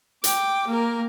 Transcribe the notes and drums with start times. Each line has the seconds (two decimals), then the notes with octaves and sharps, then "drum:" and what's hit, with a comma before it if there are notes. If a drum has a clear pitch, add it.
0.24 G5 D6, drum: hi-hat
0.67 A#3 A#4